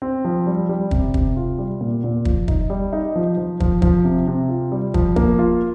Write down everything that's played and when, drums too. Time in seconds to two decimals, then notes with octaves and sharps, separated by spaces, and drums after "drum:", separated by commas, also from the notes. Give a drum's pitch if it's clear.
0.02 C4
0.25 F3
0.47 G3
0.69 G3
0.91 C3, drum: kick
1.14 C3, drum: kick
1.37 F4
1.59 G3
1.81 A#2
2.04 A#2
2.25 F3, drum: kick
2.48 D#4, drum: kick
2.70 G3
2.93 D#4
3.16 F3
3.38 F3
3.60 F3, drum: kick
3.82 F3, drum: kick
4.04 C3
4.27 C3
4.49 F4
4.72 G3
4.94 F3, drum: kick
5.16 A#3, drum: kick
5.39 F4